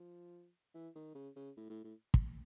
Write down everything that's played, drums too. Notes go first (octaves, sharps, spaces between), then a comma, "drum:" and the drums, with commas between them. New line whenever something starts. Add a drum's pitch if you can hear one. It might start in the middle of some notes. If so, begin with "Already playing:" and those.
Already playing: F3
E3
D#3
C#3
C#3
A2
A2
A2
drum: kick